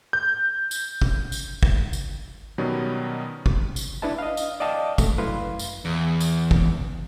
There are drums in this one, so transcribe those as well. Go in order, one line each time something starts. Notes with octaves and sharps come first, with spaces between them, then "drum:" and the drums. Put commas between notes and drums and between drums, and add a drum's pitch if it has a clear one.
G6
drum: tambourine
drum: kick
drum: tambourine
drum: kick
drum: tambourine
B2 D#3 F#3 G3 B3 C#4
drum: kick
drum: tambourine
D4 E4 B4 E5 A5
D#5 F5
drum: tambourine
D5 D#5 F5 G5 A5 D6
A3, drum: kick, tambourine
F#2 E4 B4 F5 C6
drum: tambourine
E2
drum: tambourine
drum: kick